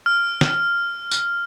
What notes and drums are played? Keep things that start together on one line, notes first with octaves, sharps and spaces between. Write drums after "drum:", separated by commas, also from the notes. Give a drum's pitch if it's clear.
F6
drum: snare
drum: tambourine